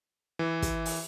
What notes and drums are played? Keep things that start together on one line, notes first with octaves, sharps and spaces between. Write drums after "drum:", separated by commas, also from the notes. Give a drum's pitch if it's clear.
E3
drum: kick, hi-hat
drum: open hi-hat